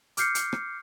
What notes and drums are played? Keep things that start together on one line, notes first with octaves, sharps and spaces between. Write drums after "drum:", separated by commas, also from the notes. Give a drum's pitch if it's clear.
D6 F6 G6 C7 C#7, drum: hi-hat
drum: hi-hat
drum: rim click